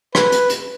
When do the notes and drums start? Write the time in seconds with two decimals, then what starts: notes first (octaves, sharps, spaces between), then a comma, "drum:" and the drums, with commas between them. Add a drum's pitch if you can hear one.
0.15 B4, drum: rim click
0.32 drum: hi-hat
0.49 drum: hi-hat